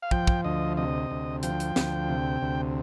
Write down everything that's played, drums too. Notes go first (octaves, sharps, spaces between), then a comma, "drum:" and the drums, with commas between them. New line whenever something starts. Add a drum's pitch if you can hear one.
F5
F3 G5, drum: kick
drum: kick
D2 D#5
C3 D#5
D2
F3 G5, drum: hi-hat
drum: hi-hat
D2, drum: snare
C3
D2